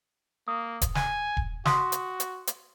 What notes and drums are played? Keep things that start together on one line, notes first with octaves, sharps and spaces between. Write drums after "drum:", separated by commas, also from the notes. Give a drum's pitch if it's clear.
A#3 D#6
drum: kick D#1, hi-hat
G#5, drum: snare
drum: kick D#1
F#4 F5 C6 D#6, drum: snare
drum: hi-hat
drum: hi-hat
drum: hi-hat